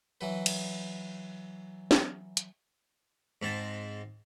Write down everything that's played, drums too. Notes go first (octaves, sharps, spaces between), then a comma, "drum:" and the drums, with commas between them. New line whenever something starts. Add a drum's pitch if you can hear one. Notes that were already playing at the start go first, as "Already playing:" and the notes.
E3 F#3 B4
drum: cymbal
drum: snare
drum: hi-hat
G#2 C4 A5